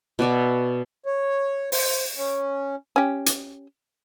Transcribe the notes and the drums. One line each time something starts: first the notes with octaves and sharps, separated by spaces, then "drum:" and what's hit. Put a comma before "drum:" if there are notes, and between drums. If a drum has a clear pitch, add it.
B2 F#4 D5 E5
C#5
C5, drum: open hi-hat
C#4
C#4 G4
drum: hi-hat